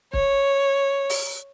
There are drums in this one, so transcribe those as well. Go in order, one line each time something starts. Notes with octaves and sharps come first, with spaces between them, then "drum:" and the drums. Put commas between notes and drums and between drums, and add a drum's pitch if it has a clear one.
C#5, drum: kick
drum: open hi-hat